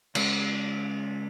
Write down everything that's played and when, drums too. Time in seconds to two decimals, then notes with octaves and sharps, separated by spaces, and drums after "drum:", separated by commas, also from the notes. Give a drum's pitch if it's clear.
0.15 C#3 G#3 C#4, drum: cymbal